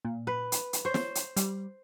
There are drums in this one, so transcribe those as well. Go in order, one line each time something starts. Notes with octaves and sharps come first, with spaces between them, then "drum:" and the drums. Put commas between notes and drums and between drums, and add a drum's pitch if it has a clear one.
A#2
B4
drum: hi-hat
drum: hi-hat
C5 C#5
drum: snare
drum: hi-hat
G3, drum: hi-hat